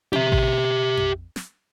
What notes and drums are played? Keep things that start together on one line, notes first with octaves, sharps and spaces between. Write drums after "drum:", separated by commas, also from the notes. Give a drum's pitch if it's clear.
G4 E5, drum: tom C4
drum: kick A1
drum: tom F2
drum: snare